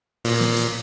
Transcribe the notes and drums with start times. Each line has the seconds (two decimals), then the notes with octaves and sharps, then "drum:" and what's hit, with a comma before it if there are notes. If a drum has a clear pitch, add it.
0.24 A#2, drum: open hi-hat
0.40 drum: snare
0.56 drum: hi-hat